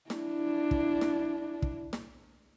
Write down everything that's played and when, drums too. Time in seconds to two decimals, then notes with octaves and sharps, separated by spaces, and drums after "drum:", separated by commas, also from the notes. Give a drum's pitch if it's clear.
0.10 D4 E4, drum: snare
0.71 drum: kick
1.01 drum: snare
1.62 drum: kick
1.93 drum: snare